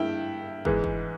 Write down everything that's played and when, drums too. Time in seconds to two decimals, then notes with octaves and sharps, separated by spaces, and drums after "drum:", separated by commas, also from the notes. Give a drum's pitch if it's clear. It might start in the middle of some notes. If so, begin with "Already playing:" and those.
Already playing: G2 E4 E5 G5
0.65 G#2 E3 G#3, drum: kick
0.84 drum: kick